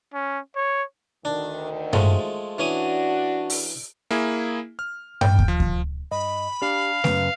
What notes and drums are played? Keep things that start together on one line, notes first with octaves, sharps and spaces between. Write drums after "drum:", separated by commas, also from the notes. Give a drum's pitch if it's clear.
C#4
C#5
D2 D#3 D4
F3 G#3 A3, drum: tom G2
E3 C#4 D4 F#4 D#6
drum: open hi-hat
A#3 E4 G#4
F6
G5, drum: tom G2
drum: kick
F3
drum: kick
G2 D#5 B5
D4 G4 F5
F#2 C#3 B4, drum: snare A3